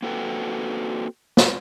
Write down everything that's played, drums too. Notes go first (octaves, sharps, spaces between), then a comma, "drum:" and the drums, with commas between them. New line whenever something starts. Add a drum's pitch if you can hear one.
A#3 C4 F#4 A4 B4 G5
drum: snare